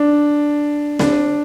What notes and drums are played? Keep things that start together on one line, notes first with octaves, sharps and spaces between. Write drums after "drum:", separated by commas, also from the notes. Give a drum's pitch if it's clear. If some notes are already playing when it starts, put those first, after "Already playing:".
Already playing: D4
D4, drum: snare C4